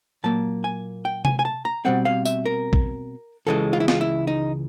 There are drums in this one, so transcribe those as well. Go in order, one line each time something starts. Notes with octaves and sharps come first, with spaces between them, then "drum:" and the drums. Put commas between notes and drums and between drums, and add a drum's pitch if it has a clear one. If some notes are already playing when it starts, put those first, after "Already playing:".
A#2 F#3 A#3 A5
G#5
G5
G#5, drum: tom C3
G#5
A5
A#5
B2 G3 C4 F#5
F5
E5, drum: tambourine
A#4
drum: kick
C#2 C#3 E3 G#3 A4
F4
E4
F4, drum: snare
E4
D#4